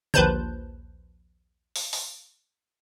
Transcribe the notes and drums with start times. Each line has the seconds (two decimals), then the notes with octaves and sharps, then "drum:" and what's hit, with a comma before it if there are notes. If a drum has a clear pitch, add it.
0.14 A#1 D#2 B4 C5 A5 G6, drum: tom D3
1.76 drum: open hi-hat
1.93 drum: open hi-hat